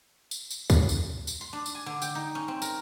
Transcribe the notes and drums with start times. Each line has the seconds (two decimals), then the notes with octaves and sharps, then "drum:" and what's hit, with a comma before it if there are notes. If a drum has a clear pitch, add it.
0.31 drum: tambourine
0.50 drum: tambourine
0.70 drum: kick, tambourine
0.89 drum: tambourine
1.27 drum: tambourine
1.41 C6
1.53 D4
1.66 drum: tambourine
1.75 G#5
1.86 D3
2.02 G5, drum: tambourine
2.15 D#4
2.35 C#4
2.48 C4
2.62 A#4, drum: tambourine